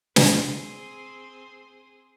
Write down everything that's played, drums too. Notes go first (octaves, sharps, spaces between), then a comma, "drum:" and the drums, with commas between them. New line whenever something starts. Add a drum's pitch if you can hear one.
C4 G#4 C5, drum: snare